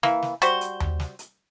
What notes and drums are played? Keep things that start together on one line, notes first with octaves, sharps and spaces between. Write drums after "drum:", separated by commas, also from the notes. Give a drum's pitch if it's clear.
E3 A#3, drum: snare
drum: snare
G3 F#4 C5, drum: hi-hat
drum: hi-hat
drum: tom D#2
drum: snare
drum: hi-hat